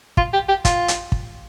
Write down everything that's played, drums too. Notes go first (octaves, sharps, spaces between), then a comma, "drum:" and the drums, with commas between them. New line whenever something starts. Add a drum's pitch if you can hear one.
F4, drum: kick
G4
G4
F4, drum: kick, hi-hat
drum: hi-hat
drum: kick